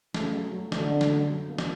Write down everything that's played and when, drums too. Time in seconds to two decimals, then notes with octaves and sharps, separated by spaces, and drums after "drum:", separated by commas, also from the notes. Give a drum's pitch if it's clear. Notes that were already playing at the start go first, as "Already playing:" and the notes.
0.14 C#3 A3, drum: snare
0.34 F#3
0.52 F#3
0.72 D3 A3, drum: snare
0.91 A3
1.01 drum: snare
1.11 F#3
1.29 F#3
1.49 A#3
1.58 drum: snare